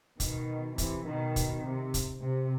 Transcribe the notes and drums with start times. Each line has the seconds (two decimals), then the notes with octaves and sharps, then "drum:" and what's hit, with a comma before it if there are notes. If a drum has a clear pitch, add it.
0.20 B2 D#3, drum: kick, hi-hat
0.78 C3 E3, drum: kick, hi-hat
1.07 B2 D#3
1.36 drum: kick, hi-hat
1.65 C3
1.94 drum: kick, hi-hat
2.23 C3